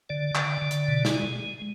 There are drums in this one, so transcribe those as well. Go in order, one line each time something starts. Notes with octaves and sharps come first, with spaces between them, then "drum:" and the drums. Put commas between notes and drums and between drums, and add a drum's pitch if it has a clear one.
D3 D5
D3, drum: clap
D3
drum: hi-hat
B2
drum: snare
G#3
G#3